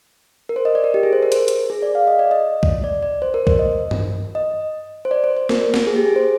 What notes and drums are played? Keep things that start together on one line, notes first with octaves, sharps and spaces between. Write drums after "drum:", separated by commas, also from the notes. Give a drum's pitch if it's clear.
A#4
C5
D#5
D5
A#4
G4
G#4
C5
A#4
C5, drum: hi-hat
drum: hi-hat
G#4
D5
F5
D#5
D5
D#5
drum: kick
D5
D5
C5
A#4
C5, drum: kick
D#5
drum: tom G2
D#5
C5
D5
C5
C5
A#4, drum: snare
drum: snare
G#4
G4
G#4
C5